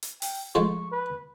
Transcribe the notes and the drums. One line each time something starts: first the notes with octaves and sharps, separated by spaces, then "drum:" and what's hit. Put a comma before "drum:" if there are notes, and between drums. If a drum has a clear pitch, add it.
drum: hi-hat
G5, drum: open hi-hat
F3 G#3 A3 C#6
B4